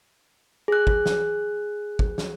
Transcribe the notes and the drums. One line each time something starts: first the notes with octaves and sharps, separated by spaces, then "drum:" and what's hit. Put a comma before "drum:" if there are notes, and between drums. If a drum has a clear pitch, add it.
G#4 F#6
drum: kick
drum: snare
drum: kick
drum: snare